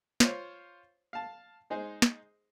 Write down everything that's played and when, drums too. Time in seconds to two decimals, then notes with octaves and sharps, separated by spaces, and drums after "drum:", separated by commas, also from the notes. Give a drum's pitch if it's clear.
0.20 F4 C5 C#5 F5, drum: snare
1.13 F5 A5
1.70 G#3 D#4 G#4 C5
2.02 drum: snare